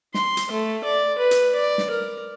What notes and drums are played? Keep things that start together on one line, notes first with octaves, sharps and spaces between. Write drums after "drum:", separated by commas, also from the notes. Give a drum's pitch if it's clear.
C6, drum: snare
drum: hi-hat
A3
D5
B4
drum: hi-hat
D5
drum: snare
A#4